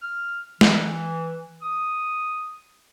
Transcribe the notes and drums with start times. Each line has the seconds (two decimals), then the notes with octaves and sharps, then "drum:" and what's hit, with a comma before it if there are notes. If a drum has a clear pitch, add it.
0.03 F6
0.61 E3, drum: snare
1.62 D#6